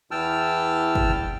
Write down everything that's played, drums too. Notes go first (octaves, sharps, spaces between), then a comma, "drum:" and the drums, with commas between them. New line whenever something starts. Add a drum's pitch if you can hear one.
E2 E3 G5 A5 E6 F6
drum: kick